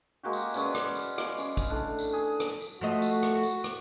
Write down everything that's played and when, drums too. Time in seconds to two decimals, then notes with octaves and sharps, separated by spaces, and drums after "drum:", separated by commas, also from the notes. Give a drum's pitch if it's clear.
0.23 G#3 A#3 F#4 G4
0.33 drum: tambourine
0.54 G#3 C#4 B4 D5, drum: tambourine
0.75 drum: rim click
0.95 drum: tambourine
1.18 F5 D6, drum: rim click
1.38 C#4, drum: tambourine
1.57 drum: kick, tambourine
1.70 A2 D4
1.99 drum: tambourine
2.13 G#4
2.40 drum: rim click
2.61 drum: tambourine
2.81 F3 A3 F#4 D#5
3.02 drum: tambourine
3.23 drum: rim click
3.43 drum: tambourine
3.64 drum: rim click